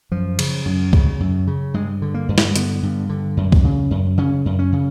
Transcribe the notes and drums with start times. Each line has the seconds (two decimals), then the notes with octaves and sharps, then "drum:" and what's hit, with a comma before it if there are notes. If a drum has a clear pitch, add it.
0.11 F#2 F3
0.39 C#3, drum: cymbal
0.66 F#2
0.93 C#3, drum: kick
1.20 F#2
1.47 C#3
1.74 G2 G#3
2.02 D3
2.14 A#3
2.29 G2
2.38 drum: snare
2.56 D3 B3, drum: hi-hat
2.83 G2
3.09 D3
3.37 F#2
3.52 drum: kick
3.64 C#3
3.91 F#2
4.18 C#3 C#4
4.46 F#2
4.59 C#4
4.73 C#3